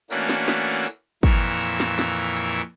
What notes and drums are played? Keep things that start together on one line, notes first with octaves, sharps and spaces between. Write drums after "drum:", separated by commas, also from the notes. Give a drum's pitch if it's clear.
E3 A3 A#3 C#4 D4 F#4, drum: tambourine
drum: snare
drum: snare
drum: tambourine
F2 A#2 E3 A#4 C#6 E6, drum: kick, tambourine
drum: tambourine
drum: snare
drum: snare
drum: tambourine